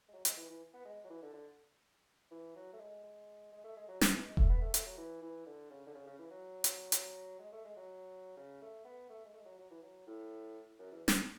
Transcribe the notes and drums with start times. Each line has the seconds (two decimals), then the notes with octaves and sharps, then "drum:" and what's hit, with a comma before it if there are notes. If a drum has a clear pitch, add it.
0.09 G#3
0.13 F#3
0.25 G#3, drum: hi-hat
0.37 E3
0.50 E3
0.74 B3
0.85 G#3
1.04 F#3
1.10 E3
1.22 D3
1.34 D3
2.31 E3
2.56 F#3
2.73 A3
2.79 G#3
3.04 G#3
3.52 G#3
3.64 A3
3.77 G#3
3.88 F#3
4.01 E3, drum: snare
4.13 E3
4.25 G#3
4.37 A3, drum: kick E1
4.49 B3
4.62 A3
4.74 A3, drum: hi-hat
4.86 F#3
4.98 E3
5.22 E3
5.47 D3
5.71 C#3
5.86 D3
5.95 C#3
6.07 C#3
6.19 E3
6.31 F#3
6.64 drum: hi-hat
6.92 drum: hi-hat
7.40 G#3
7.52 A3
7.65 G#3
7.77 F#3
8.37 C#3
8.62 A3
8.85 B3
9.10 A3
9.25 G#3
9.33 A3
9.40 G#3
9.46 F#3
9.59 F#3
9.71 E3
9.83 F#3
10.07 A2
10.79 F#2
10.92 E2
11.08 drum: snare